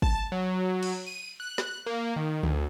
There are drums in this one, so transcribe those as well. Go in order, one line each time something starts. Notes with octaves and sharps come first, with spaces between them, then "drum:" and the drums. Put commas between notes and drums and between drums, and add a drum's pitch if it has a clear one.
A5, drum: kick
F#3
drum: cymbal
D#7
F#6
drum: snare
A#3
D#3
D2, drum: tom D3